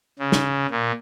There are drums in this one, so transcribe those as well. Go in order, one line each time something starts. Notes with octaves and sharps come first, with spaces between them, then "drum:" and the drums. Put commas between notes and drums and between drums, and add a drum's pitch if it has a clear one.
C#3
drum: snare
A#2